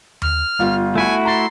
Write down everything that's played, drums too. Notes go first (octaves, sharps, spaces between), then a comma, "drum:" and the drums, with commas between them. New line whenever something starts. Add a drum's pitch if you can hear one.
F6, drum: tom D#2
G1 F4
A3 E4 F#4 G#5
A#5 C6 A6